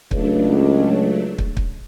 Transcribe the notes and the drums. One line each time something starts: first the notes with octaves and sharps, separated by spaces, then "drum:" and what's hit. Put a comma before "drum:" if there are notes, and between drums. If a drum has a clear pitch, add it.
C#2 F#3 A3 D4, drum: kick
drum: kick
drum: kick